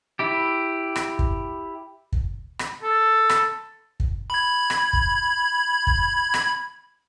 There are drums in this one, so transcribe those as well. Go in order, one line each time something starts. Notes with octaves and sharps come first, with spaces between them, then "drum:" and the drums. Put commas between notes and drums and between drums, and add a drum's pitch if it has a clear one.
E4 G4
drum: rim click
drum: kick
drum: kick
drum: rim click
A4
drum: rim click
drum: kick
B5 G#6
drum: rim click
drum: kick
drum: kick
drum: rim click